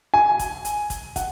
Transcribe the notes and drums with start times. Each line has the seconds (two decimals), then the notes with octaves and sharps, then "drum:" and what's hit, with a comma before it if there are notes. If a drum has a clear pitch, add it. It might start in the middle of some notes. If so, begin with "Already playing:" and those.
0.14 G#5
0.39 drum: kick, hi-hat
0.65 drum: hi-hat
0.90 drum: kick, hi-hat
1.16 F#5, drum: kick, hi-hat